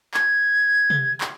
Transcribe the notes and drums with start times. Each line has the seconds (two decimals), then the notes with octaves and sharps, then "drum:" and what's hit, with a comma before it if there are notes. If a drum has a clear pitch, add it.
0.14 G#6, drum: clap
0.90 drum: tom C3
1.21 drum: clap